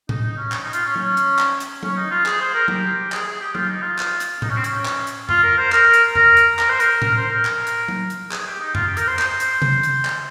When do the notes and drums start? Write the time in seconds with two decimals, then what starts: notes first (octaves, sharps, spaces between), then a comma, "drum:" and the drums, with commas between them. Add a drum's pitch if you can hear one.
0.09 D#4, drum: tom A2
0.23 D#4
0.37 C#4
0.52 C#4, drum: clap
0.63 D#4
0.73 F4, drum: hi-hat
0.85 C#4
0.96 C#4, drum: tom F#3
1.17 drum: hi-hat
1.39 drum: clap
1.60 drum: hi-hat
1.83 C#4, drum: tom F#3
1.96 D#4
2.11 F4
2.26 G#4, drum: clap
2.40 C5
2.54 A#4
2.68 G4, drum: tom F#3
3.12 G#4, drum: clap
3.26 G#4
3.41 G4
3.55 F4, drum: tom F#3
3.68 D#4
3.82 F4
3.99 drum: clap
4.20 drum: hi-hat
4.42 D#4, drum: tom A2
4.50 C#4
4.57 C4
4.64 C#4, drum: hi-hat
4.85 drum: clap
5.07 drum: hi-hat
5.29 F4, drum: tom F2
5.43 A#4
5.57 C5
5.72 A#4, drum: clap
5.94 drum: hi-hat
6.15 A#4, drum: tom F2
6.37 drum: hi-hat
6.59 A#4, drum: clap
6.69 C5
6.80 A#4, drum: hi-hat
7.02 A#4, drum: tom A2
7.16 C5
7.30 A#4
7.45 drum: clap
7.67 drum: hi-hat
7.88 drum: tom F#3
8.10 drum: hi-hat
8.32 G#4, drum: clap
8.46 G4
8.60 D#4
8.75 F4, drum: tom F2
8.86 G4
8.97 A#4, drum: hi-hat
9.08 C5
9.19 C5, drum: clap
9.40 drum: hi-hat
9.62 drum: tom C3
9.83 drum: hi-hat
10.05 drum: clap